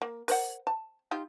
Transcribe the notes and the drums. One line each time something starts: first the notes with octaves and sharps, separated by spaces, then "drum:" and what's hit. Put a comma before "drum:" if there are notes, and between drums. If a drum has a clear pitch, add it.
A#3
A#4 C5 F#5, drum: open hi-hat
A5
D#4 F4 G4